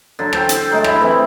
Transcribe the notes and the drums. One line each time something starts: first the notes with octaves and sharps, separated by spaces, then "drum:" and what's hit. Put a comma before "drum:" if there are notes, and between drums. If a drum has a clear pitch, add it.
D3 F#3
A4 C5 G5, drum: rim click
drum: hi-hat
F#3 G#3 A3
E4 E5 B5, drum: rim click
E3 A3 C4